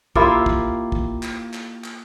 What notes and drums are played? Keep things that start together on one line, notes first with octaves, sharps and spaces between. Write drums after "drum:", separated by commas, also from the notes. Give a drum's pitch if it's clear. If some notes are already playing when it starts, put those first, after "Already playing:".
A#3 E4 F4 G4, drum: kick
drum: kick
drum: kick
drum: clap
drum: clap
drum: clap